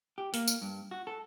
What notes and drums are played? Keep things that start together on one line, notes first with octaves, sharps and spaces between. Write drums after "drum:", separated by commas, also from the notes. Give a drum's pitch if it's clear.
G4
A#3, drum: open hi-hat
drum: tambourine
G2
F#4
A4